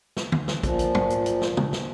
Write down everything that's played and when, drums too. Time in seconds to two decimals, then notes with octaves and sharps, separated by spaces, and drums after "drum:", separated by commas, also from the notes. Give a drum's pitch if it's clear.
0.17 drum: snare
0.32 drum: tom
0.48 drum: snare
0.63 A#2 F3, drum: kick, hi-hat
0.79 drum: hi-hat
0.95 drum: tom
1.10 drum: hi-hat
1.26 drum: hi-hat
1.41 drum: snare
1.57 drum: tom
1.73 drum: snare